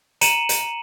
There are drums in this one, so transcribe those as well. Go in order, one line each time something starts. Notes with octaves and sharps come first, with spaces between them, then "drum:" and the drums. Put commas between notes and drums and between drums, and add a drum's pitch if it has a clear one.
A#5 C#7 D#7 E7 F#7, drum: hi-hat
drum: hi-hat